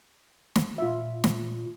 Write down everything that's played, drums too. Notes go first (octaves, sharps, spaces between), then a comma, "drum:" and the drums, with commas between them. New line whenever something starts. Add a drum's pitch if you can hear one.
drum: snare
A#2 F4 E5
drum: snare